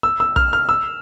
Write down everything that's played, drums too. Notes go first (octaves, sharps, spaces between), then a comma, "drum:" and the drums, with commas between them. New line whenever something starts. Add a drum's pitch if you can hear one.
E6
E6
F6, drum: kick
F6
E6